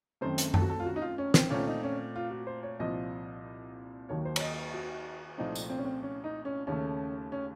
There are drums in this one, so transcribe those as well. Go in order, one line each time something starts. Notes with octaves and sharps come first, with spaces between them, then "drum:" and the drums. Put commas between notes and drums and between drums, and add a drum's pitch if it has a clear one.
F#2 D#3 A3 C4 C5
drum: hi-hat
A4, drum: tom F#2
F#4
A4
F4
F#4
D#4
F4
C#4
C4, drum: snare
A#2 A3 C4 C#4
D#4
C#4
F4
F#4
C5
C#5
C2 A#2 F3 D#5
D#2 D#3 F#3 A#3 C#5
C5
C#5, drum: cymbal
D#5
F#4
C2 A#2 F3 A3 C4 D#4
drum: tambourine
C4
C#4
C4
C#4
D#4
C#4
D#2 C#3 A3 C#4
C#4